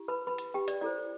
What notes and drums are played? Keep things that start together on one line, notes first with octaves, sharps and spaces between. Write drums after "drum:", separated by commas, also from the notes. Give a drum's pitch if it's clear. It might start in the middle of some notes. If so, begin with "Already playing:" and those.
Already playing: E4 G4
B4 B5
B4 B5
drum: hi-hat
G4 G5
D5, drum: hi-hat
E4 A4 C5 D5